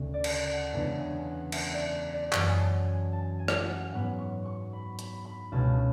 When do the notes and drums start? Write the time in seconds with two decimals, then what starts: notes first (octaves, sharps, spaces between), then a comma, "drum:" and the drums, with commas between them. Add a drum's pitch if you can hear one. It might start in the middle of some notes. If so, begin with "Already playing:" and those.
Already playing: D2 C#3 D4
0.14 D5
0.24 drum: cymbal
0.34 D5
0.53 F#5
0.73 E2 C#3 G#3 B3 D4 A5
0.99 G#5
1.26 F#5
1.52 E5, drum: cymbal
1.74 D5
2.13 D5
2.33 F#2 E3 G#3 F#5, drum: clap
2.48 G#5
2.59 A5
2.86 G#5
3.13 A5
3.39 G#5
3.48 drum: rim click
3.65 F#5
3.92 G#2 F#3 B3 F#5
4.19 C#6
4.46 C#6
4.73 B5
4.99 B5, drum: hi-hat
5.25 B5
5.52 C#2 B2 G#3 C#4 A5